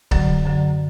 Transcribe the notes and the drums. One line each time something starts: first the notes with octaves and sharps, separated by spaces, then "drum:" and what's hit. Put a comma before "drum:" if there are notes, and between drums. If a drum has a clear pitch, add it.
F#2 D3 F#3, drum: kick C#1
F#2 D3 F#3